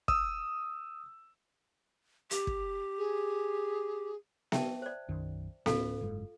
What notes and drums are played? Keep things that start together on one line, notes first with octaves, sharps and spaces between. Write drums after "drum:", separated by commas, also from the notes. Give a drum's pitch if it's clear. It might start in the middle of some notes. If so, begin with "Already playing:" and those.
D#6 E6, drum: kick
G4, drum: hi-hat
drum: kick
G#4
E5 G5 A5, drum: snare B3
C5 D5
B1 F#2 D#3
D1 A2 C#4 F4 A4 F5, drum: snare B3
F#1 G#2